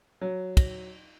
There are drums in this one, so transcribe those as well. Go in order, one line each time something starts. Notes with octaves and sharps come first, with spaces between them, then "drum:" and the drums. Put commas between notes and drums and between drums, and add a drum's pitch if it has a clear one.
F#3
drum: kick, cymbal